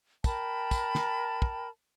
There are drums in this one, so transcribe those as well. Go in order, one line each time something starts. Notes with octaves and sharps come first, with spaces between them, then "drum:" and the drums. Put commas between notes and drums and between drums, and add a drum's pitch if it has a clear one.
A#4 G5 A5 B5, drum: kick, tambourine
drum: kick, tambourine
drum: snare
drum: kick